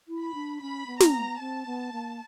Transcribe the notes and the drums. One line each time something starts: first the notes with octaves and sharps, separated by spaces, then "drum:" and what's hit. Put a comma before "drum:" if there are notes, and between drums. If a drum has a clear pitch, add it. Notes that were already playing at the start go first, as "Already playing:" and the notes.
E4
B5
D4
C#4 B5
B3
A#5, drum: snare
B3
C4 A5
B3
A#3